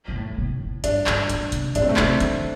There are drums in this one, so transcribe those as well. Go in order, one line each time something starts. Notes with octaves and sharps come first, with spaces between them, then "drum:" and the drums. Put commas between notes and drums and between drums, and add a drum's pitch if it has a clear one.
C3
A2
C3
A2
G2 D4, drum: hi-hat
G2, drum: clap
A2, drum: hi-hat
C3, drum: hi-hat
A2 D4, drum: hi-hat
C4
A3
C3 C4, drum: clap
D3, drum: hi-hat